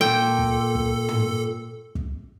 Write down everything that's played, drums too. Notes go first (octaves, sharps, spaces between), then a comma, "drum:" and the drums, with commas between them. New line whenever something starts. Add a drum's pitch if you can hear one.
A#2 A4 G5
drum: kick
drum: kick
drum: tom
drum: kick